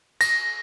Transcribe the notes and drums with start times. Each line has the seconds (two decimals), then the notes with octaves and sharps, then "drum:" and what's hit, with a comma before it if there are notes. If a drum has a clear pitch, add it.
0.21 A#6, drum: cymbal